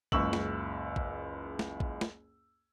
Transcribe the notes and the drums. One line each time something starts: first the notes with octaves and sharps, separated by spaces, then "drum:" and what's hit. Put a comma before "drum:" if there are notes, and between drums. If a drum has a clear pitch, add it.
F#1 C#2 C#6 E6 F#7, drum: kick A1
drum: snare
drum: kick A1
drum: snare
drum: kick A1
drum: snare